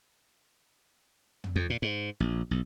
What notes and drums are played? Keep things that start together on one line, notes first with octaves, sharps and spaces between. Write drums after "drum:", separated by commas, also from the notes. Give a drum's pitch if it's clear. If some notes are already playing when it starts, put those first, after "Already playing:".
drum: tom
F2
A#2
G#2
A#1
B1